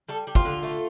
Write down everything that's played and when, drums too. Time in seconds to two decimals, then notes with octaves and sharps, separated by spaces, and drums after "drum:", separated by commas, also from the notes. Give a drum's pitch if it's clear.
0.08 G3 A4
0.27 G3
0.35 F4, drum: kick
0.45 D3
0.63 A3